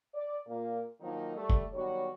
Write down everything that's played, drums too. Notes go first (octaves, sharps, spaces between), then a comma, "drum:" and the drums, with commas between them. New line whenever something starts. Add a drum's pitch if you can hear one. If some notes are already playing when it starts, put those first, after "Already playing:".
D5
A#2 A#3
D#3 F3 F#3 A#3 D#4
G3 A3
drum: kick F1
D#3 F#3 G3 B3 F#4 C#5